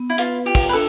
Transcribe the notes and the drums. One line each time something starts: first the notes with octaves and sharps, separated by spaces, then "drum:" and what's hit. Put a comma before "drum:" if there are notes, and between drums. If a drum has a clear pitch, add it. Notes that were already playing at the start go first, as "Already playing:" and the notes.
Already playing: B3
E4
F4 B4, drum: hi-hat
F4 G4
drum: kick, open hi-hat
B4
D4 A4